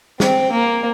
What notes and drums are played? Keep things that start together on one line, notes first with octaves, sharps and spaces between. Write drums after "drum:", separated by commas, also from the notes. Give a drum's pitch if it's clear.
C4, drum: snare
A#3